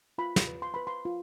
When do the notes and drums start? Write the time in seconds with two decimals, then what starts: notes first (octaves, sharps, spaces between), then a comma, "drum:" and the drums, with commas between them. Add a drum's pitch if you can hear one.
0.18 F4 B5
0.36 drum: snare
0.47 B4
0.62 C6
0.74 B4 B5
0.87 C6
1.05 F4